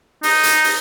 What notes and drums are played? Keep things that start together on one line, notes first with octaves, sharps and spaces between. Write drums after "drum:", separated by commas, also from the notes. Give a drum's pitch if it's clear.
D#4, drum: open hi-hat
drum: hi-hat
drum: open hi-hat